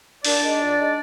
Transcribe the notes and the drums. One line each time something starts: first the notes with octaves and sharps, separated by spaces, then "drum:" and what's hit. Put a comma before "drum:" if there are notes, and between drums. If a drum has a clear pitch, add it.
A#2 D4 D5, drum: open hi-hat
G#3 D#4
A#2
G#3 D#4